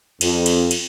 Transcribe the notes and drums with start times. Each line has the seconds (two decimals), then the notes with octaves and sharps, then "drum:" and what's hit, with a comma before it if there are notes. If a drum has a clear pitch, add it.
0.21 F2, drum: cymbal
0.46 drum: cymbal
0.71 drum: cymbal